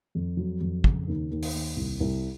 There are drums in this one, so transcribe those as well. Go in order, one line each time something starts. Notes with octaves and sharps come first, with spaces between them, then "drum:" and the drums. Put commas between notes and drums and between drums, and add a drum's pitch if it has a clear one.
F2
F#3
F2
C#3, drum: kick
D#2
D#2
drum: open hi-hat
D#2
C2
C2